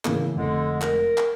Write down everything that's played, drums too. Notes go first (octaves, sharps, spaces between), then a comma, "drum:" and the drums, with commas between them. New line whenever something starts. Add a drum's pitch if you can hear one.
C#3 E3 A#3, drum: clap
F1 D3 G#3
A#4, drum: clap
drum: clap